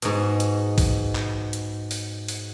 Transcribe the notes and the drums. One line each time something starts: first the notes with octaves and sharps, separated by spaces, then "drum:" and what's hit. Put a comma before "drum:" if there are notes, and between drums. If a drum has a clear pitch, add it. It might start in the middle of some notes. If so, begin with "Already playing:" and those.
G#2 B2, drum: hi-hat
drum: hi-hat
drum: kick A1, open hi-hat
drum: clap
drum: hi-hat
drum: open hi-hat
drum: open hi-hat